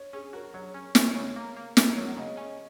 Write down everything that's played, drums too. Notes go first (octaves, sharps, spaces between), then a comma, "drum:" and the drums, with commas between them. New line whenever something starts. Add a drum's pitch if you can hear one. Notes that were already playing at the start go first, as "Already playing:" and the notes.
Already playing: C#5
C#4 G#4
F#4 A#4
F#3 C#5
C#4
C#4, drum: snare
C#3 C#5
A#3
A#3
A#3 A#4, drum: snare
F#3 C#5
F#5
C#3 D#5
C#4 D#5